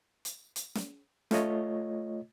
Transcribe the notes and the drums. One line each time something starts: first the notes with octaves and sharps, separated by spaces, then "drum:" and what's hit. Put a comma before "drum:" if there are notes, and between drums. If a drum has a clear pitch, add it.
drum: hi-hat
drum: hi-hat
drum: snare
A3 F4 C#5 D#5, drum: snare